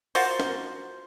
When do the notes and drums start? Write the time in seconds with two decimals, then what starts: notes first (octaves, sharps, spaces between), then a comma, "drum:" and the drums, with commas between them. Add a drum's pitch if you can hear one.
0.15 F4 F#4 A#4 C5, drum: open hi-hat
0.40 drum: snare